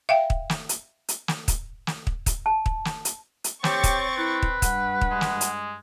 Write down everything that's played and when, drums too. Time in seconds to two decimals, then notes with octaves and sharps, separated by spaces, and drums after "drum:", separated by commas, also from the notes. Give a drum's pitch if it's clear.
0.09 E5 F5 G5
0.30 drum: kick
0.50 drum: snare
0.69 drum: hi-hat
1.08 drum: hi-hat
1.28 drum: snare
1.48 drum: kick, hi-hat
1.87 drum: snare
2.07 drum: kick
2.26 drum: kick, hi-hat
2.46 A5
2.66 drum: kick
2.85 drum: snare
3.05 drum: hi-hat
3.44 drum: hi-hat
3.64 C4 G4 C#5 C#6 A6, drum: snare
3.84 drum: kick, hi-hat
4.17 E4 B4
4.42 drum: kick
4.62 G2 F#5, drum: kick, hi-hat
5.01 drum: kick
5.11 G#3
5.21 drum: snare
5.41 drum: hi-hat